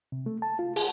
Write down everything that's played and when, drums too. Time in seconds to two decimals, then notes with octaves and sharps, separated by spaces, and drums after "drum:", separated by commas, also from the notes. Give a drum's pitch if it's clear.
0.12 C3
0.26 A3
0.42 A5
0.59 F4
0.76 G#4, drum: open hi-hat